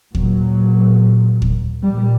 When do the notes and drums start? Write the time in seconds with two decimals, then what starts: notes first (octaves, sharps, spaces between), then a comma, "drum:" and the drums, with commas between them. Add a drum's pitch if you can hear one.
0.15 A#2 F#3, drum: kick D#2
1.42 drum: kick D#2
1.83 A#2 G3